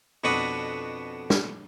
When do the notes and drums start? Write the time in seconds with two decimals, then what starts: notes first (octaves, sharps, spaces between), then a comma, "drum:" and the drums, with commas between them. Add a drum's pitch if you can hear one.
0.24 F2 B2 D4 F#4 B5 D#6
1.30 drum: snare